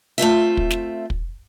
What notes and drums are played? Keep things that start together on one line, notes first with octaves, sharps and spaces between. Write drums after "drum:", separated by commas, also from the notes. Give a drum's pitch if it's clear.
A3 C4 F4 E5
drum: kick
drum: snare
drum: kick